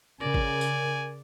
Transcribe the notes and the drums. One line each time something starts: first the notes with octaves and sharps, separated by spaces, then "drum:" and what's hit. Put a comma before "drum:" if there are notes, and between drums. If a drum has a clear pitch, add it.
C#3 A#4 D5 G#5
drum: kick
drum: tambourine